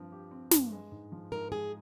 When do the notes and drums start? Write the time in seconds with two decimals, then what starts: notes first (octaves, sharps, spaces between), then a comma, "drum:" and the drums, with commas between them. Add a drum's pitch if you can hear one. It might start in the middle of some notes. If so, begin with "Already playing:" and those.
Already playing: G2 F3 C4
0.12 G4
0.31 C4
0.51 G2, drum: snare
0.72 G#3
0.92 G#2
1.12 F3
1.32 G#2 A#4
1.52 G#3 G#4